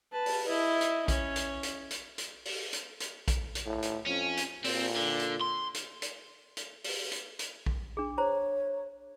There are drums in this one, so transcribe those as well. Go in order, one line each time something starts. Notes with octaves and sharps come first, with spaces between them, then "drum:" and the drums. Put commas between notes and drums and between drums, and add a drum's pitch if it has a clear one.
B4 A5
drum: open hi-hat
E4 D#5
drum: hi-hat
C#4 C#5, drum: kick A#1, hi-hat
drum: hi-hat
drum: hi-hat
drum: hi-hat
drum: hi-hat
drum: open hi-hat
drum: hi-hat
drum: hi-hat
drum: kick A#1, hi-hat
drum: hi-hat
A2
drum: hi-hat
F2 C#4
drum: hi-hat
A#2 C4, drum: open hi-hat
D3
drum: hi-hat
C6
drum: hi-hat
drum: hi-hat
drum: hi-hat
drum: open hi-hat
drum: hi-hat
drum: hi-hat
drum: kick A#1
D4 G#4
C5 C#5 A#5